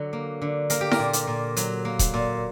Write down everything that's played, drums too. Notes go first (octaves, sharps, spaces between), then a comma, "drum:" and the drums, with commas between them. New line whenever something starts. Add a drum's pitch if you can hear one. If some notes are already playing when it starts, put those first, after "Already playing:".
Already playing: D3 F#3
A#3
D3
A#3 A#4, drum: hi-hat
G4
A#4, drum: snare E4
A#2
drum: hi-hat
A#2
F#3, drum: hi-hat
A#3
drum: kick D#1, hi-hat
A#2